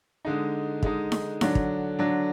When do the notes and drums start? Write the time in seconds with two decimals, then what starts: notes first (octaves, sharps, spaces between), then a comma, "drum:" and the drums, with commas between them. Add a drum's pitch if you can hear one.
0.25 D3 G#3 D#4
0.83 D3 G#3 D#4, drum: kick
1.12 drum: snare D#4
1.41 D3 F#3 D4, drum: snare D#4
1.55 drum: kick
1.99 D3 F#3 D4